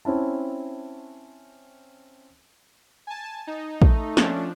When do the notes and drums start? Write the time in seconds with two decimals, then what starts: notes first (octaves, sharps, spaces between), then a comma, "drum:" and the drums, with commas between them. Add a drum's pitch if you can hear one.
0.05 C4 C#4 E4 A5
3.07 G#5 A5
3.47 D#4
3.82 A3, drum: kick
4.17 F3 C#4 D4, drum: snare